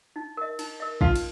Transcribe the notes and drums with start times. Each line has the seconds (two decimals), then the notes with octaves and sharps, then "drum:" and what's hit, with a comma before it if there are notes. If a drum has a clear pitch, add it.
0.16 D#4
0.37 A#4 D#5
0.59 D#4, drum: cymbal
0.80 A#4 D#5
1.01 D#4 F4, drum: kick
1.16 drum: cymbal